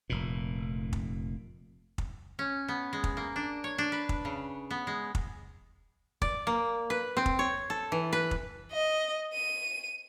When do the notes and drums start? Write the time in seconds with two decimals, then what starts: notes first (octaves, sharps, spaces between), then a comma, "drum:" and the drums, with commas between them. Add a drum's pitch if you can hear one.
0.10 F1 A#2
0.93 drum: kick
1.98 drum: kick
2.39 C#4
2.68 B3
2.93 G#3
3.04 drum: kick
3.17 A#3
3.36 D4
3.64 C#5
3.78 D4
3.92 B4
4.09 drum: kick
4.25 C#3
4.71 B3
4.87 G#3
5.15 drum: kick
6.22 D5, drum: kick
6.47 A#3
6.90 B4
7.17 C4
7.26 drum: kick
7.39 C#5
7.70 A4
7.92 E3
8.13 B4
8.31 drum: kick
8.72 D#5
9.34 D#7